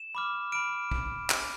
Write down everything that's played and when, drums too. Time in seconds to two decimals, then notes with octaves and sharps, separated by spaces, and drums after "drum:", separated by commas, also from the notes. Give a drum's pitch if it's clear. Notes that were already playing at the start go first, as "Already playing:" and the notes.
Already playing: E7
0.15 B5 D6 F6
0.52 B5 F6 D7
0.91 drum: kick
1.30 drum: clap